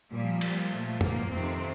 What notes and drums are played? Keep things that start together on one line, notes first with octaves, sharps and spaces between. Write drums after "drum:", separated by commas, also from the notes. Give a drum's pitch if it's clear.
A#2 F3 G3
G3, drum: cymbal
A#2 F3 A3
A#3, drum: tom
F2 C3 D#3 C4